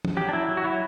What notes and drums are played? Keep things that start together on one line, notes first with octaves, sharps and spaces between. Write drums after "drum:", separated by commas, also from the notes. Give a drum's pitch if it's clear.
drum: tom E3
F#3 G4
D4
F#3 E4
F#3
F#4
F#3 E4